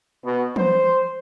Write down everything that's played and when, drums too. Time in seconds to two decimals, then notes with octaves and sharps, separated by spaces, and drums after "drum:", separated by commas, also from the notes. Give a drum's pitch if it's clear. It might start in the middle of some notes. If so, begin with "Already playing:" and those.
0.25 B2
0.56 C5, drum: tom E3